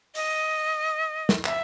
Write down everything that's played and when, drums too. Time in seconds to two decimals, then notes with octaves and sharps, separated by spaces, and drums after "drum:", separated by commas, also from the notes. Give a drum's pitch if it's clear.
0.15 D#5, drum: open hi-hat
1.29 drum: snare
1.45 E5, drum: clap